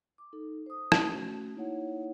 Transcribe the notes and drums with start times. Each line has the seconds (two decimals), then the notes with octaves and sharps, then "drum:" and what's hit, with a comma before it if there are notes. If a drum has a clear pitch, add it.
0.18 D6
0.33 D#4 A4
0.66 C5 D#6
0.92 drum: rim click
1.09 A3 C#4 F#4
1.55 A#3 D#4 E4 C#5 F#5